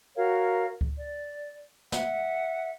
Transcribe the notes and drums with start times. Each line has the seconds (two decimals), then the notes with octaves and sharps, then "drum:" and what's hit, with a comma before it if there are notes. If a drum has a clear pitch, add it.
0.16 F#4 A#4 C#5 F5
0.81 drum: kick C#2
0.97 D5
1.92 E5 F#5, drum: snare